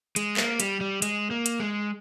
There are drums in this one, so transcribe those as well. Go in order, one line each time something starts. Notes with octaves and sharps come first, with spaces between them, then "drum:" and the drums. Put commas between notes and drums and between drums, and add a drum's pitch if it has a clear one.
G#3, drum: hi-hat
A#3, drum: clap
G3, drum: hi-hat
G3
G#3, drum: hi-hat
A#3
drum: hi-hat
G#3